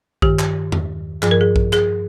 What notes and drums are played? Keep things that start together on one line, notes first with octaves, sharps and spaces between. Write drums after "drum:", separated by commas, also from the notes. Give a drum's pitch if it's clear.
G2 D#3 G4, drum: kick A#1
drum: clap
drum: tom E2
G2 F3 G#4, drum: clap
A#4
G#4
drum: kick A#1
G#4, drum: clap